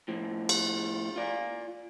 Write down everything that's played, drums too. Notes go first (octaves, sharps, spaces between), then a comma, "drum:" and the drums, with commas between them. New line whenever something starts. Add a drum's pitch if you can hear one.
A2 F3
drum: cymbal
F4 D5